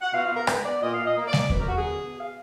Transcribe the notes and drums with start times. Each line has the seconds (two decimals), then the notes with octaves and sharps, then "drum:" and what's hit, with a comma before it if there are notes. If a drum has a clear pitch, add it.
0.01 F#5
0.13 B2 F5
0.25 F5
0.31 B3
0.36 A#4
0.47 G#3 B4, drum: rim click
0.64 B3 D5
0.81 A#2 D#5
0.94 A#2 F5
1.05 D#5
1.17 A#3
1.28 D5
1.33 A#3, drum: snare G3
1.39 D5
1.50 F#2 B4, drum: kick E2
1.58 A#4
1.67 D3 F#4
1.76 G#4
1.85 B2
2.02 B2
2.19 F5